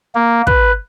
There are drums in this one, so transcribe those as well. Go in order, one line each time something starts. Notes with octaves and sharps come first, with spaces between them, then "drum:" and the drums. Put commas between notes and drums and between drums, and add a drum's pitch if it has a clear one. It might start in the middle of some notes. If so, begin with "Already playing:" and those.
A#3
B4, drum: kick